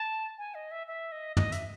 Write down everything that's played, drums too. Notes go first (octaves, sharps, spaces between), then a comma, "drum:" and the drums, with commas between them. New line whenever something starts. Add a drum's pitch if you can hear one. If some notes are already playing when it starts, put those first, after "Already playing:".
Already playing: A5
G#5
D#5
E5
E5
D#5
D#5, drum: tom
E5, drum: hi-hat